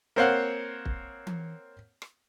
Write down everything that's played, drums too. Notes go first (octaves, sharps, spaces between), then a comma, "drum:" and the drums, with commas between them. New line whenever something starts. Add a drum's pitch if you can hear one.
A#3 C4 C5 C#5 F5 F#5
drum: kick
drum: tom E3
drum: rim click